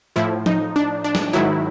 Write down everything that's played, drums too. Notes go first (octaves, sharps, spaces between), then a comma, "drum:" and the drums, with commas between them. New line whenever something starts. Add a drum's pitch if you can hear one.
A2 F3 E4
D#4, drum: tom
D4
D4
drum: snare
G#2 D#3 F#3 E4